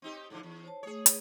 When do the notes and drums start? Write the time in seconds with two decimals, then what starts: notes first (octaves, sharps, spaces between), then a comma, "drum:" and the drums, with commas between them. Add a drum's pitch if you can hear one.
0.02 C4 D#4 G4
0.30 G#2 D3 F3
0.43 E2
0.63 C5 C#5 A5
0.83 A3 G#4 C#5 D#6
1.06 drum: hi-hat